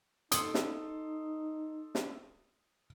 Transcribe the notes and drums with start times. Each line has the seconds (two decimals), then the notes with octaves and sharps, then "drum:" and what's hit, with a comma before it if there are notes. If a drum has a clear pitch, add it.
0.32 D#4 A4 C6 D#6 C#7, drum: hi-hat
0.54 drum: snare
1.95 drum: snare